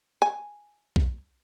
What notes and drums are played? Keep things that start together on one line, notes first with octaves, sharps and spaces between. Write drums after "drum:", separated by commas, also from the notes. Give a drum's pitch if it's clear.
G#5
drum: kick B1